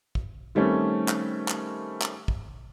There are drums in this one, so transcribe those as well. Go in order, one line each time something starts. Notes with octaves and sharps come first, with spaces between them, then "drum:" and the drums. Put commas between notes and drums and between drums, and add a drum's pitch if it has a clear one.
drum: kick
D#3 G3 A3 C4 C#4
drum: clap
drum: clap
drum: clap
drum: kick